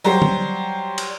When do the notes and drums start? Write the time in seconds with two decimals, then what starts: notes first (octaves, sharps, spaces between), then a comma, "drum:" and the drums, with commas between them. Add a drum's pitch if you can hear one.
0.04 F#3 G3 C5
0.22 drum: tom D3
0.98 drum: cymbal